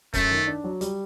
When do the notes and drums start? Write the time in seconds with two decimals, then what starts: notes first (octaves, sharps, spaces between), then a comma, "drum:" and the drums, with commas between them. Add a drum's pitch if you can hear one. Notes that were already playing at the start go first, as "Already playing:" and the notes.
0.14 F#2 A3, drum: kick, hi-hat
0.31 D#3
0.47 D4
0.64 F#3
0.81 G3, drum: hi-hat